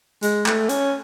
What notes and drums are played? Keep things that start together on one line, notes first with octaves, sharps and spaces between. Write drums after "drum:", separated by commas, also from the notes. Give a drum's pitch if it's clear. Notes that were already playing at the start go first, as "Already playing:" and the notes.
G#3, drum: hi-hat
A3, drum: clap
C#4, drum: hi-hat